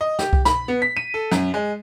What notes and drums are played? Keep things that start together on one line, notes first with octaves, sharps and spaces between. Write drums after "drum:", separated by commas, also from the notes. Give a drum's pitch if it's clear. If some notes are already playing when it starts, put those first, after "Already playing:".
D#5
G4, drum: snare
drum: kick C2
B5, drum: snare
B3
B6
D#7
A4
F#2, drum: snare
G#3